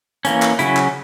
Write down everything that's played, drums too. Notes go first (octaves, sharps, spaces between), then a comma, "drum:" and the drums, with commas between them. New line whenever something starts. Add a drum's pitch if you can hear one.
E3 A#3 C#4, drum: hi-hat
drum: clap
C#3 F#3 C#4 E4, drum: hi-hat
drum: clap